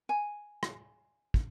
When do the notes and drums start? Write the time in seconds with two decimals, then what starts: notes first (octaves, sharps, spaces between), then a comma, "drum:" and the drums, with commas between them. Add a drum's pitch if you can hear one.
0.09 G#5
0.63 drum: rim click
1.34 drum: kick